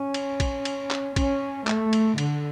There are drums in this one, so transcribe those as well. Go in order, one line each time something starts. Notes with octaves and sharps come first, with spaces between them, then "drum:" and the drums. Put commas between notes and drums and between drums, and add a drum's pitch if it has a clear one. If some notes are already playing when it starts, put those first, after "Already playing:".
Already playing: C#4
drum: cymbal
drum: kick, cymbal
drum: cymbal
drum: clap
C#4, drum: kick, cymbal
A3, drum: clap
drum: cymbal
D3, drum: cymbal